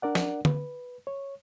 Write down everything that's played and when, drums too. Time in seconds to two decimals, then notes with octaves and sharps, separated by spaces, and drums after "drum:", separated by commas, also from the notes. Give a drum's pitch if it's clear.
0.02 D4 A#4 D5 F#5
0.15 drum: snare
0.45 B4, drum: tom D3
1.07 C#5